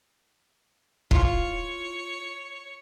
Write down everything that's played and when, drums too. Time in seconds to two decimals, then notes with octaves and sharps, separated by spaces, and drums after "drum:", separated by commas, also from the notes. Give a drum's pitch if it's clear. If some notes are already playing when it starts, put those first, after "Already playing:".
1.11 F4 C#5, drum: kick